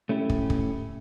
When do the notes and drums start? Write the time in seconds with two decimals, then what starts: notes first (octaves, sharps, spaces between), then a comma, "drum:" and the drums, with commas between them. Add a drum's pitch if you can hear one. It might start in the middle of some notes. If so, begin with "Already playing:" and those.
0.09 A3 C#4 E4 G4
0.30 drum: kick
0.50 drum: kick